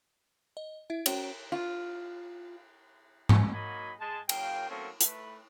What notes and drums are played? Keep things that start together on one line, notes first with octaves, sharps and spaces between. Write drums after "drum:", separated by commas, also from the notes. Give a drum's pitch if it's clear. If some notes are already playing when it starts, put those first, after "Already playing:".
D#5
E4 E5
C#4 F#4 C5 C#5, drum: cymbal
F4
drum: tom G#2
F#3 A#3 D#4 F#4 G#5 B5
G#3 A5
C#3 F#3 A#3 F5 G5, drum: cymbal
F#3 A3 A#3 C4 C#4 A4
A3 B4, drum: hi-hat